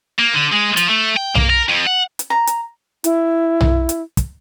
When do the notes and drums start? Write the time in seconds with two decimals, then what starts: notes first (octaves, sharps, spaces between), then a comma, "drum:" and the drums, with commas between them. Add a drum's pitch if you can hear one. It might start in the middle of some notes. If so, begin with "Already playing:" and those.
0.19 A#3
0.34 D3
0.53 G#3
0.77 F3, drum: hi-hat
0.90 A3
1.17 G5
1.35 A#3, drum: tom B1
1.50 A#4
1.69 F2
1.87 F#5
2.19 drum: hi-hat
2.30 A#5
2.47 drum: hi-hat
3.04 E4, drum: hi-hat
3.61 drum: tom B1
3.89 drum: hi-hat
4.17 drum: kick, hi-hat